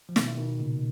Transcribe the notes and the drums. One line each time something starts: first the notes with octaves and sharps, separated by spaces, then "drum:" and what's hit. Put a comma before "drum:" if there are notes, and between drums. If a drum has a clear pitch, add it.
F3
B2 D#3, drum: snare
B2 D#3
A#2 C#3